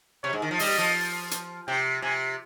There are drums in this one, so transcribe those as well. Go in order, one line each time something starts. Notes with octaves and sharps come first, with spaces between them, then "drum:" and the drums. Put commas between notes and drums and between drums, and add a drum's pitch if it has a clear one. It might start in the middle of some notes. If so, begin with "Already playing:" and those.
C3 C#5
G#2
D#3
F3
G3 D#5, drum: open hi-hat
F3
drum: hi-hat
C3 G5
C3 G#5